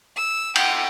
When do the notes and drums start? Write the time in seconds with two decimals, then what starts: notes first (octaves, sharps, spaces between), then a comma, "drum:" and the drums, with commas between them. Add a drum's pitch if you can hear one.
0.16 E6
0.56 F#5 G5, drum: cymbal